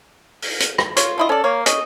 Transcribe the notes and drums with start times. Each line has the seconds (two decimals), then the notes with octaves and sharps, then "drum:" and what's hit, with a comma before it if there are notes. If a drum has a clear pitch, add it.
0.42 drum: open hi-hat
0.60 drum: hi-hat
0.78 drum: rim click
0.97 F4 C#5, drum: hi-hat
1.18 D3 E4 D#5
1.29 C#4 A4 D5
1.44 A#3 A#4 C#5
1.66 C#4 D#5, drum: hi-hat